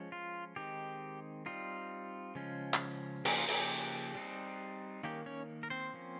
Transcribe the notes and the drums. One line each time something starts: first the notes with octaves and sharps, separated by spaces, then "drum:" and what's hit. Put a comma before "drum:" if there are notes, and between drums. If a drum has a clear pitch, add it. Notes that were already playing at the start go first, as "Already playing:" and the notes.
Already playing: F3 G#3 C#4
F4
D#3 G#3 C4 D#4 G4
G3 C4 D#4 F4
C#3 F3 G#3 C#4
drum: clap
C#3 F3 A#3 D#4 G4, drum: cymbal
F4
G4, drum: cymbal
G3 C4 D#4
D#3 A#3 C#4 G4
C#4 C#5
A#4
C4 C5
F3 A#3 C#4